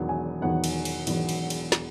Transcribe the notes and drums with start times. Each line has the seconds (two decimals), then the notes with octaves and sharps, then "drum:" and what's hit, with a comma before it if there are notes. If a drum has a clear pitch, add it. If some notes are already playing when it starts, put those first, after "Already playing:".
Already playing: E1 E2 D#3 F#3 B3
0.09 G#5
0.42 E1 E2 D#3 F#3 B3 F#5
0.64 drum: cymbal
0.85 drum: cymbal
1.07 E1 E2 D#3 F#3 B3, drum: cymbal
1.29 drum: cymbal
1.50 drum: cymbal
1.72 drum: snare